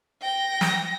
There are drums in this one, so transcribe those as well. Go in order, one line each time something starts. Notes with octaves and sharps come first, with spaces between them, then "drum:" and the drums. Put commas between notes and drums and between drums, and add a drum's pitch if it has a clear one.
G5 A#6
drum: snare